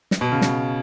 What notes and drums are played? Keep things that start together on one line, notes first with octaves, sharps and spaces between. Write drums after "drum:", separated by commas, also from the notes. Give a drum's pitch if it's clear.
drum: snare
B2
C#3
drum: snare